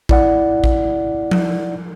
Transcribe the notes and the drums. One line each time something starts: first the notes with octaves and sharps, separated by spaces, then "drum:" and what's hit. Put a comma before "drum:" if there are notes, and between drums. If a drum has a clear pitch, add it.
E4 D5 F#5, drum: kick A1
drum: kick A1
drum: tom F3